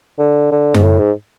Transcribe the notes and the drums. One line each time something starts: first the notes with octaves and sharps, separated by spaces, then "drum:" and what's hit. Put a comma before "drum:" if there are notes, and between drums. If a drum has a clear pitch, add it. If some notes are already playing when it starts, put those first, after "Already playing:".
D3
D3
G#2, drum: tom F#2
A2
G#2